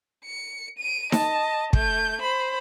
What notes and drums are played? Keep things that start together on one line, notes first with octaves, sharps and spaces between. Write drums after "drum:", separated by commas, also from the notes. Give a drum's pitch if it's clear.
C#7
D7 D#7
D#5 A5, drum: snare D#4
A3 G6, drum: kick
C5 B5